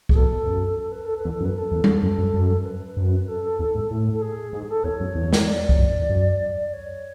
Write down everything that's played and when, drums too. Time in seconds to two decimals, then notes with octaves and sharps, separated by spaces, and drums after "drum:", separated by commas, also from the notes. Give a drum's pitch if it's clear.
0.09 G#4, drum: kick C2
0.15 B2 A4
0.46 F#2
0.78 A4
0.91 B4
1.05 A4
1.17 B4
1.25 E2
1.31 A4
1.41 F#2 B4
1.58 A4
1.72 E2
1.84 drum: tom G3
1.97 B4
2.02 F#2 A4
2.18 F#2
2.34 F#2
2.61 A4
2.65 B4
2.97 F#2
3.28 A4
3.59 E2
3.75 G#2
3.91 A2
4.12 A4
4.21 G#4
4.53 G#2 G#4
4.63 G#4
4.69 A4
4.84 E2 C#5
5.00 F#2
5.15 E2
5.33 B4, drum: snare
5.39 C#5
5.47 D5
5.69 drum: kick C2
5.79 F#2
5.99 E2
6.10 F#2
6.73 C#5